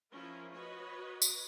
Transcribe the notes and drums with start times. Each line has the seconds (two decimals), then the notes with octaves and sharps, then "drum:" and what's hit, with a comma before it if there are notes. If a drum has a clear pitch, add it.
0.12 F3 C#4 E4 F4 A#4
0.53 F#4 B4 C#5 D#5
1.22 drum: tambourine